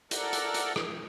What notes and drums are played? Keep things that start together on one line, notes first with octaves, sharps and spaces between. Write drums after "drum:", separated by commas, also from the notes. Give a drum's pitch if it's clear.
A4 A#4 D5 F#5, drum: hi-hat
drum: hi-hat
drum: hi-hat
drum: rim click